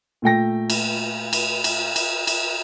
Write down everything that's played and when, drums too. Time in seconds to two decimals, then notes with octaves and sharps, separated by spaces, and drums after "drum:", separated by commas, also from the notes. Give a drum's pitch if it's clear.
0.22 A#2 A3 G5 A#6
0.70 drum: cymbal
1.33 drum: cymbal
1.64 drum: cymbal
1.96 drum: cymbal
2.27 drum: cymbal